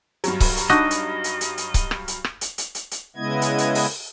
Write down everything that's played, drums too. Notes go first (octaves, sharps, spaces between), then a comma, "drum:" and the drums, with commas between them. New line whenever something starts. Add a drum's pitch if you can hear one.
G2 F#3, drum: hi-hat
drum: kick C#1, open hi-hat
drum: hi-hat
D4 D#4 F#4 D#5
drum: hi-hat
drum: hi-hat
drum: hi-hat
drum: hi-hat
drum: kick C#1, hi-hat
drum: rim click
drum: hi-hat
drum: rim click
drum: hi-hat
drum: hi-hat
drum: hi-hat
drum: hi-hat
C#3 G#3 B3 E4 D#5 G#6
drum: hi-hat
drum: hi-hat
drum: open hi-hat